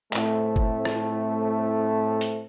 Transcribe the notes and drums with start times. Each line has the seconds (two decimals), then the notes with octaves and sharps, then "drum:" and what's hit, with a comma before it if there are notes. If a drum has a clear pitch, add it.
0.13 A2 A3 C4, drum: clap
0.56 drum: kick F#1
0.85 drum: rim click
2.21 drum: hi-hat